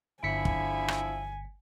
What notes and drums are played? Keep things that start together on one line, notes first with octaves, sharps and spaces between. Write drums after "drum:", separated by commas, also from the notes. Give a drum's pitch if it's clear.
G1 D3 F3 E4 G#5 B6 C#7
drum: kick
drum: rim click